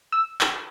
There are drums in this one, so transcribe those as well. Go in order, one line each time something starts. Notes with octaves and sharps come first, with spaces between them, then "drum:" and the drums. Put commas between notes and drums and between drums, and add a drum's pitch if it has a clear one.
E6
drum: clap